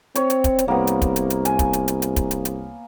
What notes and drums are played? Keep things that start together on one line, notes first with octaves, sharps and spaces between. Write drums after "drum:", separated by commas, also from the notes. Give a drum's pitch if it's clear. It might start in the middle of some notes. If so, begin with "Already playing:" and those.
C4 C#5, drum: hi-hat
drum: hi-hat
drum: kick, hi-hat
drum: hi-hat
C2 A#3 B3
drum: hi-hat
drum: kick, hi-hat
drum: hi-hat
drum: hi-hat
G#5, drum: hi-hat
drum: kick, hi-hat
drum: hi-hat
drum: hi-hat
drum: hi-hat
drum: kick, hi-hat
drum: hi-hat
drum: hi-hat